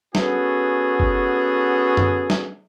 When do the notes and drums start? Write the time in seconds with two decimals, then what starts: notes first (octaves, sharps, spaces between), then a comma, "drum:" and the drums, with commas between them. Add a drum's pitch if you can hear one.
0.15 B3 C#4 F#4 G#4 A4, drum: snare
1.00 drum: kick F#1
1.97 drum: tom F#2
2.30 drum: snare